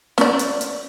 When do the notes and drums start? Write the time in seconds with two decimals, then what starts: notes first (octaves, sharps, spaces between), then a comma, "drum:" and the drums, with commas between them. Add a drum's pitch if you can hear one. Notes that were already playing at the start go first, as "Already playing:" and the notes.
0.18 C#4 D5, drum: snare
0.39 drum: hi-hat
0.61 drum: hi-hat